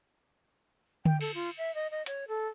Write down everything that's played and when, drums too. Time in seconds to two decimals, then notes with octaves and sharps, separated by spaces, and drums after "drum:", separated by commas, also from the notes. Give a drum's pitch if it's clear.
1.05 G5, drum: tom D3
1.21 A4, drum: cymbal
1.35 F4
1.58 E5
1.75 D#5
1.91 D#5
2.06 C#5, drum: hi-hat
2.28 A4